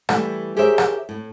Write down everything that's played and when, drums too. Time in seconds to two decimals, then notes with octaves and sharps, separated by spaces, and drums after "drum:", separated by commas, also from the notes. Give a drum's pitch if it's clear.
0.09 E3 G3 A3, drum: rim click
0.56 G4 G#4 A#4 C5 C#5 E5
0.78 drum: rim click
1.09 A2